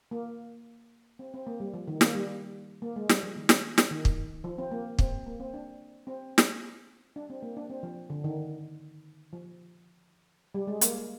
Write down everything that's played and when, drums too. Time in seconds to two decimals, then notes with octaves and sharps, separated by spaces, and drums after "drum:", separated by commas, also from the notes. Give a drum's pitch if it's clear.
0.11 A#3
1.19 C4
1.34 C4
1.47 A#3
1.60 G3
1.74 F3
1.88 D#3
2.01 A#3, drum: snare
2.15 G3
2.82 A#3
2.96 G#3
3.09 G3, drum: snare
3.23 F3
3.36 D#3
3.49 drum: snare
3.78 drum: snare
3.91 D#3
4.05 drum: kick
4.44 F3
4.58 C4
4.71 A#3
4.99 C4, drum: kick
5.26 A#3
5.40 C4
5.54 D4
6.07 C4
6.38 drum: snare
7.16 D4
7.30 C4
7.43 A#3
7.57 D4
7.70 C4
7.83 F3
8.10 D3
8.24 D#3
9.33 F3
10.54 G3
10.67 G#3
10.81 A#3, drum: hi-hat